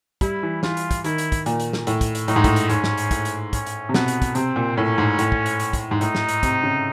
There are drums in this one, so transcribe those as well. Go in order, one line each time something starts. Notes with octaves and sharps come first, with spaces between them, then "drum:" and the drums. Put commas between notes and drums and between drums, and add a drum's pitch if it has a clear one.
G3 E4, drum: kick, hi-hat
E3
E3 F4, drum: snare
drum: hi-hat
drum: kick, hi-hat
D#3 E4, drum: hi-hat
drum: hi-hat
drum: kick, hi-hat
A#2, drum: hi-hat
drum: hi-hat
drum: snare
A2, drum: hi-hat
drum: kick, hi-hat
drum: hi-hat
A2 D#4, drum: hi-hat
G#2
A2, drum: kick, hi-hat
drum: hi-hat
G#2 C#4, drum: hi-hat
drum: snare
drum: hi-hat
A2, drum: kick, hi-hat
drum: hi-hat
C#4, drum: kick, hi-hat
drum: hi-hat
C3
B2 B3, drum: snare
drum: hi-hat
drum: kick, hi-hat
C3 C4, drum: hi-hat
A#2
A2 C#4
G#2
A2, drum: hi-hat
drum: kick
drum: hi-hat
drum: hi-hat
drum: kick, hi-hat
G#2
A2 D#4, drum: hi-hat
drum: snare
drum: hi-hat
C3, drum: kick, hi-hat
C#3